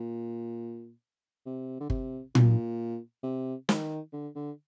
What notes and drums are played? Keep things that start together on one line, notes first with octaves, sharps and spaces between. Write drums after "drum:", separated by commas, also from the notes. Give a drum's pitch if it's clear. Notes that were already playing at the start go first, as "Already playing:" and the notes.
Already playing: A#2
C3
D3
C3, drum: kick G1
A#2, drum: tom A#2
C3
D#3, drum: snare
D3
D3